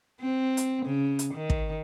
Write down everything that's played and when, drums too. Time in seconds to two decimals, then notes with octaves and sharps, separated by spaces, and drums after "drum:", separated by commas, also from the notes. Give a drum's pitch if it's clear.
0.21 C4
0.57 drum: hi-hat
0.86 C#3
1.19 drum: hi-hat
1.34 D#3
1.50 drum: kick